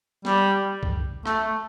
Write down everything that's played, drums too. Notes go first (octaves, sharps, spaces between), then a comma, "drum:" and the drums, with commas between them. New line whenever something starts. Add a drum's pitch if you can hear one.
G3, drum: snare
drum: kick C2
A3, drum: rim click